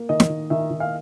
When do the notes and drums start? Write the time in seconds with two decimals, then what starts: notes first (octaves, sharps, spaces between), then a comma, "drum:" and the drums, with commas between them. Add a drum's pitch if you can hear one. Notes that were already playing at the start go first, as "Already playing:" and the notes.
Already playing: A#3
0.09 D#3 D#5
0.20 drum: snare
0.29 D#3
0.50 D#3 E5
0.71 D#3
0.80 F5